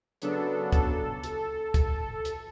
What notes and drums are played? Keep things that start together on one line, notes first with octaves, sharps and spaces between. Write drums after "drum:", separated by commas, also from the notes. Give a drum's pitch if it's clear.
C#3 F#3 B3 D4 A4, drum: hi-hat
A4, drum: kick, hi-hat
drum: hi-hat
drum: kick, hi-hat
drum: hi-hat